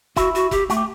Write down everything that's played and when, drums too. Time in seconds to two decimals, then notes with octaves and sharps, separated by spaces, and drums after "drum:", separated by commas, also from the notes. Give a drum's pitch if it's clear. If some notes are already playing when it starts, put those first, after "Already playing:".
0.16 E4 F#4, drum: kick F1, hi-hat
0.35 F#4, drum: hi-hat
0.51 G4, drum: kick F1, hi-hat
0.70 A3 F#4, drum: hi-hat
0.77 G4